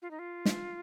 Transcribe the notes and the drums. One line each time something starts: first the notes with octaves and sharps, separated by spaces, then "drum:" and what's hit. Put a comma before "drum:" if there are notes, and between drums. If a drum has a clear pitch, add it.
F4
D#4
F4
drum: snare